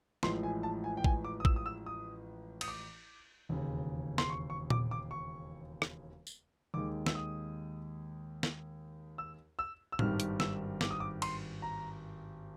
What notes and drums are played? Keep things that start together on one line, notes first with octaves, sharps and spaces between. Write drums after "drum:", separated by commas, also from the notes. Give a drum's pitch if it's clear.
A1 A2 F3 G#3 C6, drum: snare
G#5
A5
G#5
G5
G#5, drum: kick A#1
D6
D#6
E6, drum: kick A#1
D#6
E6
D#6
D#6, drum: cymbal
D6
E1 D#2 C#3
C6, drum: snare
C#6
C#6
D6, drum: tom A#2
D6
C#6
drum: rim click
drum: tambourine
D#2 D#3 G#3 D6
E6, drum: snare
D#6
drum: snare
E6
E6
E6
G#1 G2 D#3 G3 F6, drum: tom A2
drum: hi-hat
E6, drum: snare
D6, drum: snare
D#6
D6
C6, drum: cymbal
A#5